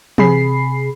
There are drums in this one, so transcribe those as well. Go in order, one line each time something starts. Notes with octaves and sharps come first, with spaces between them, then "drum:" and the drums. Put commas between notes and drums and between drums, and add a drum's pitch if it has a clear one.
C3 G#4 B5 C7, drum: tom E3